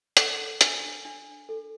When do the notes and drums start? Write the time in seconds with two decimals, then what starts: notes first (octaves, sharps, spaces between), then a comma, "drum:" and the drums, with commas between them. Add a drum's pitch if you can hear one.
0.17 A4 F#5, drum: hi-hat
0.61 D4, drum: hi-hat
1.05 D4
1.49 A4